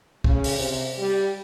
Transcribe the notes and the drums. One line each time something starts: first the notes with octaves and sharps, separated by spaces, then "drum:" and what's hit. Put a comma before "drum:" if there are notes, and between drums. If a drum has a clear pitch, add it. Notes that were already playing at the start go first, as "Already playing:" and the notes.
C#3, drum: kick
drum: open hi-hat
C3
G3